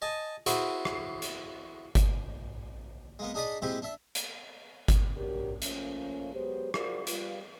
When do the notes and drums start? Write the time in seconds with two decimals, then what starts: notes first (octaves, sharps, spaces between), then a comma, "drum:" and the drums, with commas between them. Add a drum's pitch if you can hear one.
0.02 D#5 G#5 A5
0.46 E4 F#4 G#4 C5, drum: hi-hat
0.85 drum: rim click
1.22 drum: hi-hat
1.95 drum: kick G1, hi-hat
3.19 G#3 A#3 B3
3.34 D4 D#4 G#4 D5 D#5 B5
3.62 A#2 G#3 C4 E4 G4
3.82 D4 E5
4.15 drum: hi-hat
4.88 drum: kick G1, hi-hat
5.17 D2 F#3 D4 G4 A#4
5.62 F3 A3 A#3 C#4, drum: hi-hat
6.34 F#3 G#3 B3 G4 C5
6.74 F4 F#4 G#4 A#4 C5 D5, drum: rim click
7.07 G3 F4 B4, drum: hi-hat